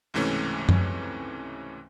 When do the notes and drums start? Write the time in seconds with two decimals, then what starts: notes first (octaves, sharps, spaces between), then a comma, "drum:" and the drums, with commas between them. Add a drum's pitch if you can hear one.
0.14 C#2 G#2 C3 E3 A3 C#4
0.69 drum: tom F#2